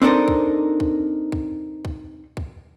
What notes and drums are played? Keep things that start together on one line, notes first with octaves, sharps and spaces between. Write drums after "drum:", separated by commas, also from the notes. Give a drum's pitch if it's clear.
C4 D4 D#4 A4 A#4 C5
drum: kick
drum: kick
drum: kick
drum: kick
drum: kick